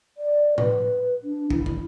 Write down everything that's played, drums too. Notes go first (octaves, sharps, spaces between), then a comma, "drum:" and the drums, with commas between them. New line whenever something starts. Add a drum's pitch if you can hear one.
D5
B4, drum: tom
D4
E4, drum: kick
drum: kick